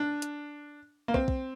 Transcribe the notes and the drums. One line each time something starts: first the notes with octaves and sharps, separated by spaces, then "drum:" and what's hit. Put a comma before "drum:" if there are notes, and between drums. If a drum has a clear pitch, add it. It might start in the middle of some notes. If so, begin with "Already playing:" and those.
Already playing: D4
drum: hi-hat
A#3
C4, drum: kick
drum: kick